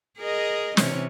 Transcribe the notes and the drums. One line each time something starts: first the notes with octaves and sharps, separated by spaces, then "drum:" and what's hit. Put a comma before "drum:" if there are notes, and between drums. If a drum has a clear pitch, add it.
G#4 A#4 D#5
C3 E3 C#4, drum: snare